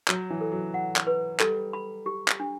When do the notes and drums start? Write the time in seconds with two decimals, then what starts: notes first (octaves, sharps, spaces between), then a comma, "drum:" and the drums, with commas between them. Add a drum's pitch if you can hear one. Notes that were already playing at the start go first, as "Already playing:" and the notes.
0.08 F#3 C#5, drum: clap
0.30 E3
0.41 A4
0.52 F#3
0.74 F#5
0.96 drum: clap
1.07 B4
1.40 G3 A4, drum: clap
1.73 B5
2.06 G4
2.28 drum: clap
2.40 D4